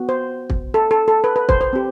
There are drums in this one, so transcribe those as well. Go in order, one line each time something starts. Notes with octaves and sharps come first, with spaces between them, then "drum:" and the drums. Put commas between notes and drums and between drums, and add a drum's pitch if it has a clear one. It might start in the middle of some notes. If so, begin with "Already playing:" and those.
Already playing: B3 F#4
C5
drum: kick
A4
A4
A4
B4
B4
C5, drum: kick
C5
C4 G4